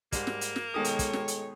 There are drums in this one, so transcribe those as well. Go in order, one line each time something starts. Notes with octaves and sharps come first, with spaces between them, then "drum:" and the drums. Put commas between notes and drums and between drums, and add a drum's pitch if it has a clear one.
G#2 G3 A#3, drum: kick, hi-hat
drum: snare
drum: hi-hat
drum: snare
B2 D#3 G#3 G#4 A4 C#5 G5 D#6
drum: hi-hat
drum: kick, hi-hat
drum: snare
drum: hi-hat